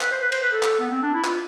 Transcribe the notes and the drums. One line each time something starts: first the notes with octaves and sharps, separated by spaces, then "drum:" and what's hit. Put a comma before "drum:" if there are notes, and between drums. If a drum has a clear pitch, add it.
B4, drum: clap
C5
B4
C5, drum: cymbal
B4
A4
drum: clap
B3
C4
D4
E4
F4, drum: clap